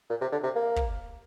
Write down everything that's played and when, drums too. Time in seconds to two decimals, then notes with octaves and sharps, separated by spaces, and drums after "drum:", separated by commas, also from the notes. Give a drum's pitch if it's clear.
0.09 A#2
0.21 C3
0.32 D3
0.44 C3
0.55 A#3
0.76 drum: kick